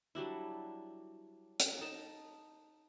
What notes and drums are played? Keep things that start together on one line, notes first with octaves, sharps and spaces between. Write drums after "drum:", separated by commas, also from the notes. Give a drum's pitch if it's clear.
F#3 G3 D4 E4
drum: hi-hat
D#4 A5